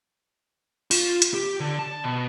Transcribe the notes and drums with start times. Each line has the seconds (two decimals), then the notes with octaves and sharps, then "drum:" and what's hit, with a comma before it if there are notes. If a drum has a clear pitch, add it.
0.91 F4, drum: open hi-hat
1.22 drum: hi-hat
1.34 G4
1.60 D3
1.79 A5
2.04 B2